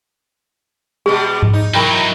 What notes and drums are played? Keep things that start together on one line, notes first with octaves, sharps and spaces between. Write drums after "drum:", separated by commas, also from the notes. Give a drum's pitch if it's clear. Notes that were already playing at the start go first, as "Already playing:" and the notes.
B2 G3 G#3 G#4
drum: tom G#2
D#4
E3 F#3 D#4 A#4 G5 B5